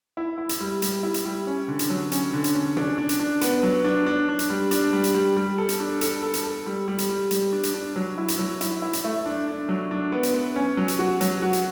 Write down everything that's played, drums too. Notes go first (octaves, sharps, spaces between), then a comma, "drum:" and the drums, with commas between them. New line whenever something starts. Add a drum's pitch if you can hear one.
E4
E4
drum: hi-hat
G3
G3, drum: hi-hat
E4
drum: hi-hat
G3
C#4
D3
drum: hi-hat
F#3
C#4, drum: hi-hat
D3
drum: hi-hat
C#4
D4, drum: tom
D4
drum: hi-hat
D4
B3, drum: hi-hat
F#3
D4
D4
D4
drum: hi-hat
G3
D4, drum: hi-hat
G3
drum: hi-hat
G3
G3
A4
drum: hi-hat
D4
A4, drum: hi-hat
A4
drum: hi-hat
A4
G3
G3
drum: hi-hat
G3
G3, drum: hi-hat
D4
drum: hi-hat
D4
F#3
E4
drum: hi-hat
F#3
E4, drum: hi-hat
E4
drum: hi-hat
A3
D4
D4
F#3
D4
B3
drum: hi-hat
B3
C#4
F#3
drum: hi-hat
F#4
F#3, drum: hi-hat
F#4
drum: hi-hat